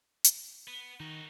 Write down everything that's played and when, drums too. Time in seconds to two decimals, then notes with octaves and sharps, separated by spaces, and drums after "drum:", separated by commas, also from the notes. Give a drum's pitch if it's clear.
0.24 drum: hi-hat
0.67 B3
1.00 D#3 D#4 F#4